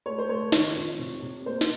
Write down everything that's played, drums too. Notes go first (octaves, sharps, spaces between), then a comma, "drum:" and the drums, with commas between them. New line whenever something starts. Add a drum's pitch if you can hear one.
A3 C#5
C5
A3 C#5
D#3 C#5, drum: snare
F2
C3
C3
A#3 C5
drum: snare